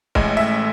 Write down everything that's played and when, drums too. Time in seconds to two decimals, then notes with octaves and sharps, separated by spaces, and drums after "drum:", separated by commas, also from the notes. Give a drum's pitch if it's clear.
0.15 A1 A2 G#3, drum: kick
0.37 E5